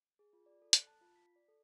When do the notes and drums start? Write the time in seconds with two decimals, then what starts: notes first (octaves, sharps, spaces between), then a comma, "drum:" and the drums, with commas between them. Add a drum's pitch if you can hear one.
0.19 G#4
0.33 F4
0.46 D5
0.62 A4
0.73 F#6, drum: hi-hat
0.87 A5
1.01 F4
1.16 B6
1.36 D5
1.48 A4